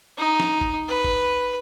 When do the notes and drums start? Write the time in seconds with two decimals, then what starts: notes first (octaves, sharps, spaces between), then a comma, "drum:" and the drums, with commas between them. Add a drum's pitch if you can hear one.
0.18 D#4
0.40 drum: snare
0.61 drum: kick G1
0.89 B4
1.04 drum: kick G1